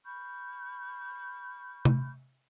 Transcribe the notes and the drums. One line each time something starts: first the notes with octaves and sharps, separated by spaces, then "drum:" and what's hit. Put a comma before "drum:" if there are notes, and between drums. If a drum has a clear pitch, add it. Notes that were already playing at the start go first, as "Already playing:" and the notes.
B5 C#6 F6 G6
drum: tom C3